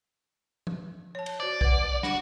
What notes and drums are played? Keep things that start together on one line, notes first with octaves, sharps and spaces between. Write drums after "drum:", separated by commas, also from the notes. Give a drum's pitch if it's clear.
drum: tom F3
C#5 A5
drum: cymbal
F#4 C5 D5
B4 F#5, drum: kick
D4 F#4, drum: snare